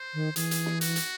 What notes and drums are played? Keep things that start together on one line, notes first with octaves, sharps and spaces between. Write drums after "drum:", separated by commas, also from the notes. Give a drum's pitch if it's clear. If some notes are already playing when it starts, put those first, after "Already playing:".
Already playing: C5
D#3
E3 G#4, drum: hi-hat
drum: hi-hat
drum: snare
F#4, drum: hi-hat
drum: hi-hat